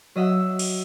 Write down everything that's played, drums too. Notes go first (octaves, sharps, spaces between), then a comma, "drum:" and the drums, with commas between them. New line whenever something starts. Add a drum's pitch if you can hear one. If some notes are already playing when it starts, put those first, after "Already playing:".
F#3 D#5 E5 F#5 E6
drum: cymbal